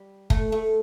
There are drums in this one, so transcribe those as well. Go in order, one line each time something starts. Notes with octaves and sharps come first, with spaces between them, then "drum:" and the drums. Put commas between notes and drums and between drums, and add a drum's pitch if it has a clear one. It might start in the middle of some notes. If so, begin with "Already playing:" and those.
Already playing: G3
A3, drum: kick
A3